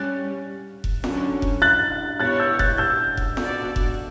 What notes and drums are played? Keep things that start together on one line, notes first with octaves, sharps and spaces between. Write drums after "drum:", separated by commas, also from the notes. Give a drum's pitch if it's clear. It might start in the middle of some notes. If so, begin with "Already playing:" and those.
Already playing: G3 C#4 G4 F#6 A6
drum: kick F1
D3 F#3 C#4, drum: snare
drum: kick F1
F#6 A6
B3 E4 G4 C#5 F#6 A6
E6 G6
F#6 A6, drum: kick F1
E6 G6
drum: kick F1
B3 F#4 A4 D5, drum: snare
drum: kick F1